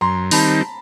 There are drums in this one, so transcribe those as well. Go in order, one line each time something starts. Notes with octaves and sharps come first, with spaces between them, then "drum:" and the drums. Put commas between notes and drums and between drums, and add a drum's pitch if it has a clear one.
F#2 A#5 C6
D#3 G3 C4 D#4 A5 B5, drum: open hi-hat